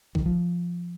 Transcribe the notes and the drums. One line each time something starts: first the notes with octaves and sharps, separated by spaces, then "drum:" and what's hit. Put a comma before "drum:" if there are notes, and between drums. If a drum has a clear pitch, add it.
D#3, drum: kick B1
F3